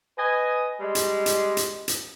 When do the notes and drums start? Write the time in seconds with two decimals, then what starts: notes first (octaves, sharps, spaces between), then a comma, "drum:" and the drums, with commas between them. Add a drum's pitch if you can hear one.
0.17 B4 D#5 G#5
0.80 G3 G#3
0.95 drum: hi-hat
1.26 drum: hi-hat
1.57 drum: hi-hat
1.88 drum: hi-hat